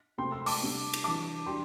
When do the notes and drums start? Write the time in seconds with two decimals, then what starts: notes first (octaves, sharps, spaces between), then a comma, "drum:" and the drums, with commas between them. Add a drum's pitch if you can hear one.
0.18 C3 A3 C4 G5 C6
0.32 C6 E6
0.46 A5 D6, drum: open hi-hat
0.61 C3 G3 D4
0.93 drum: cymbal
1.04 E3 G3 D4 A5 D6
1.46 E3 G3 D4 G5 C6